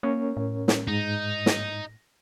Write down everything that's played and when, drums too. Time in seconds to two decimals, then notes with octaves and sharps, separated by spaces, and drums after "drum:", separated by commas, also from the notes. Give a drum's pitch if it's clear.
0.03 A#3 C#4 A#4 C#5
0.37 A2
0.68 drum: snare
0.87 G#2 D#4
1.46 drum: snare